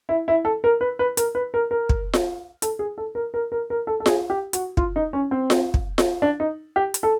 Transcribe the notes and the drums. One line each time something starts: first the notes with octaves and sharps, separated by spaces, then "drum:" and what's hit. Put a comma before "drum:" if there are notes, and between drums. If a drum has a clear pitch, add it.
E4
E4
A4
A#4
B4
B4
A#4, drum: hi-hat
B4
A#4
A#4
drum: kick
drum: snare F4
A4, drum: hi-hat
G#4
A4
A#4
A#4
A#4
A#4
A4
A4
G#4, drum: snare F4
G4
F#4, drum: hi-hat
F4, drum: kick
D#4
C#4
C4
drum: snare F4
drum: kick
drum: snare F4
D4
D#4
G4
drum: hi-hat
A4